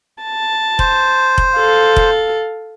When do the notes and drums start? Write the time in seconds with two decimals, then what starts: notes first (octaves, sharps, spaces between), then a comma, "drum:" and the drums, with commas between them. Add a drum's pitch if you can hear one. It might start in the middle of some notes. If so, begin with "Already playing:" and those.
0.23 A5
0.79 C5, drum: kick F1
1.38 drum: kick F1
1.56 A4 F5
1.96 drum: kick F1